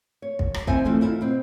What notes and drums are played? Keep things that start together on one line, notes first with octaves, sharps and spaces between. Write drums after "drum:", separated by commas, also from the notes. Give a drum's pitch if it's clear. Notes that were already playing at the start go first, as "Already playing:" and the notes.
C#5
drum: kick
drum: rim click
C4 D#4 E4 C5 E5 G#5, drum: kick
E3 F3 A3 C4 D4
D#3 E4 F4
B2 C4